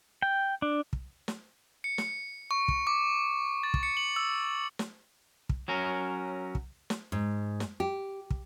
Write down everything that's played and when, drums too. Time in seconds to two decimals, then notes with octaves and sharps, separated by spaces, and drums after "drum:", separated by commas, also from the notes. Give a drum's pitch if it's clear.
0.22 G5
0.62 D4
0.93 drum: kick
1.28 drum: snare
1.84 C#7
1.98 drum: snare
2.51 C#6
2.68 drum: kick
2.87 D6
3.63 A6
3.74 drum: kick
3.83 C#7
3.97 F#7
4.16 E6
4.79 drum: snare
5.49 drum: kick
5.68 F#3 C#4 A#4
6.55 drum: kick
6.90 drum: snare
7.12 G#2
7.60 drum: snare
7.80 G4
8.30 drum: kick